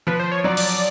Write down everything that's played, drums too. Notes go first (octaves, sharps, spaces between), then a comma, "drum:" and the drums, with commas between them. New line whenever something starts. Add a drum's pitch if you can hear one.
F3 B4
C5
C#5
F#3 D5
drum: cymbal